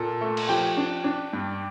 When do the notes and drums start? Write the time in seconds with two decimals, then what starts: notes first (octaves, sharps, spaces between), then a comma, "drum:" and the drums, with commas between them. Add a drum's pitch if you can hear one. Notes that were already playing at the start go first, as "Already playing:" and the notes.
Already playing: A#2 A4
0.21 A3
0.37 drum: cymbal
0.49 F3 G4 G5
0.77 D4
1.04 D4
1.33 G2